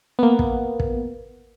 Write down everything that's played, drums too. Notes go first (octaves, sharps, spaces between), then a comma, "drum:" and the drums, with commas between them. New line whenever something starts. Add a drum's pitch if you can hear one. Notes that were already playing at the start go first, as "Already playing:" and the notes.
A#3 B3
drum: kick
drum: kick